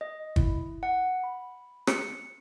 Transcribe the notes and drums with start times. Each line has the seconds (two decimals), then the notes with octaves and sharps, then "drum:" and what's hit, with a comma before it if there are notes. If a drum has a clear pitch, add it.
0.01 D#5
0.36 E4, drum: kick
0.83 F#5
1.24 B5
1.87 C#7, drum: rim click